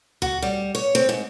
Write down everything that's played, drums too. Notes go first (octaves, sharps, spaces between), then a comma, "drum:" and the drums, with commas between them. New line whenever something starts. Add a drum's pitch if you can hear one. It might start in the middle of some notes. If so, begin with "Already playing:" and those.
F#4, drum: tom D2
G3
C#5
C4
G#2